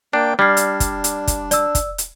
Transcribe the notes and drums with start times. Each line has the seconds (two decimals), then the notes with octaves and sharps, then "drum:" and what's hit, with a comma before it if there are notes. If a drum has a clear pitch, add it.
0.13 A#3 D4 G5
0.39 G3 D4 F6 G#6 C7
0.57 drum: hi-hat
0.80 drum: kick, hi-hat
1.04 drum: hi-hat
1.27 drum: kick, hi-hat
1.51 D5 E6, drum: hi-hat
1.75 drum: kick, hi-hat
1.98 drum: hi-hat